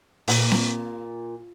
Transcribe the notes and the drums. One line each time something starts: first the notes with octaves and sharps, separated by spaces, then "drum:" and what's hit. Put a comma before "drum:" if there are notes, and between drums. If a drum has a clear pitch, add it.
A#2, drum: open hi-hat
drum: snare C4